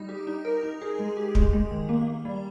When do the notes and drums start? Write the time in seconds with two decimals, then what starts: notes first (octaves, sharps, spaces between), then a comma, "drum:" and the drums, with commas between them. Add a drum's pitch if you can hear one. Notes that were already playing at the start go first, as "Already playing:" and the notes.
Already playing: G3 D#4
0.09 G4
0.27 D#4
0.45 A#4
0.63 D#4
0.82 G#4
0.99 G#3
1.17 G4
1.35 G#3, drum: kick
1.53 G#3
1.71 D#3
1.89 A#3
2.07 A#3
2.25 G3